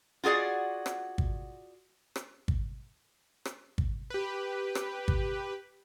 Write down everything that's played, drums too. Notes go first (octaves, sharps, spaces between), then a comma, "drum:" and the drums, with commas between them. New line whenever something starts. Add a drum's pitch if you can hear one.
F4 F#4 G#4 D5 F#5
drum: rim click
drum: kick
drum: rim click
drum: kick
drum: rim click
drum: kick
G4 B4
drum: rim click
drum: kick